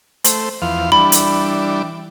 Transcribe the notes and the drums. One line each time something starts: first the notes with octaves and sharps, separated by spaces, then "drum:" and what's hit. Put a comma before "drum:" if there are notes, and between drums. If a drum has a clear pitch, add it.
A3 C5, drum: hi-hat
E2 F3 F5
E3 G3 D4 B5
drum: hi-hat